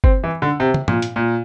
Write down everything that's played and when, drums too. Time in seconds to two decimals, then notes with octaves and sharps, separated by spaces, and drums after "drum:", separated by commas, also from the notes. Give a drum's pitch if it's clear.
0.04 C4, drum: kick G1
0.24 E3
0.42 D3
0.60 C3
0.74 drum: tom
0.88 A#2, drum: tom
1.02 drum: hi-hat
1.16 A#2